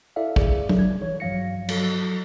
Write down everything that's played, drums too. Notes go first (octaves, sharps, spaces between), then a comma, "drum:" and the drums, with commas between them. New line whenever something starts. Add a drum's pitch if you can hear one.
E4 A4 D5 E5 F5
G#4 D5, drum: kick
drum: tom
G#6
E3 C#5
G2 F3 F#3 F5 A#6 C#7
F#3 A4, drum: cymbal